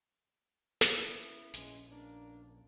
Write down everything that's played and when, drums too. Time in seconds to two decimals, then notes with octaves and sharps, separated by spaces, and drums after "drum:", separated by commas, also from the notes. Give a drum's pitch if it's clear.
0.81 drum: snare
0.94 C#3 B3 E4
1.54 A#1 G#3 C#4 G#4 D#5, drum: hi-hat
1.90 A#3 D4